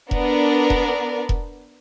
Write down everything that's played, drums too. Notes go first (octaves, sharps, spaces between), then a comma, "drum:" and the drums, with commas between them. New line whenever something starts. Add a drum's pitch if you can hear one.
B3 D4 A#4 D5, drum: kick E1
drum: kick E1
drum: kick E1